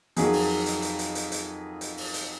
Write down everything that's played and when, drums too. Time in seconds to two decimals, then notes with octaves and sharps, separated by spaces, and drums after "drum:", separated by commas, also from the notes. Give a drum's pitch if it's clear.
0.16 F2 D#3 F#3 G#4, drum: hi-hat
0.33 drum: open hi-hat
0.66 drum: hi-hat
0.82 drum: hi-hat
0.99 drum: hi-hat
1.15 drum: hi-hat
1.32 drum: hi-hat
1.81 drum: hi-hat
1.97 drum: open hi-hat
2.14 drum: hi-hat